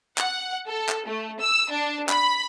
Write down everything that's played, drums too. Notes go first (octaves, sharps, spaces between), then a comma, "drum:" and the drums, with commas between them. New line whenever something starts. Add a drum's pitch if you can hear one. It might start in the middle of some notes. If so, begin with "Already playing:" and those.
F#5, drum: clap
A4
drum: clap
A3
E6
D4
B5, drum: clap